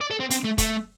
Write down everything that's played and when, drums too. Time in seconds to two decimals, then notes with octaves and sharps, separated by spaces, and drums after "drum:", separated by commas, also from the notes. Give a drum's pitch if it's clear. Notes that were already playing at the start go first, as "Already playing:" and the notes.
0.01 D5
0.11 A4
0.20 C4
0.30 C4, drum: hi-hat
0.44 A3
0.58 A3, drum: kick, hi-hat